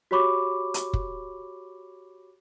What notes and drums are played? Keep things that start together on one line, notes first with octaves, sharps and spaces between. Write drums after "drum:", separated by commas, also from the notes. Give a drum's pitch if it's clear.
F#4 G4 C#5 B5 C#6 D6
drum: hi-hat
drum: kick